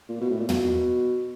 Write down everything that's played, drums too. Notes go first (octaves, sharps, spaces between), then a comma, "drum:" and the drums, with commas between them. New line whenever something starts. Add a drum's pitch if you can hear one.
A#2
B2
A2
A#2
B2, drum: tom